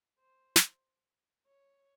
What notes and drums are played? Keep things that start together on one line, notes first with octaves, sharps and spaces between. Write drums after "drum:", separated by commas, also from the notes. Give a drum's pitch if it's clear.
C5
drum: snare
C#5